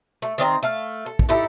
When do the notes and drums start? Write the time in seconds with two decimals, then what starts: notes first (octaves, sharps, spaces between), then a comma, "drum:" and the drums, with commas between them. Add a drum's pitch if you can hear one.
0.22 A3
0.38 D#3 C4 D5 A#5
0.63 A3 F5
1.06 A4
1.19 drum: kick
1.29 D#4 E4 G4 A4